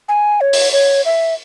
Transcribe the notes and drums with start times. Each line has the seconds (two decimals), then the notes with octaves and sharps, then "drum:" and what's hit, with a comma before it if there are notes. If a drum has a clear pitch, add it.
0.08 G#5
0.41 C#5
0.53 drum: open hi-hat
0.72 C#5
1.05 E5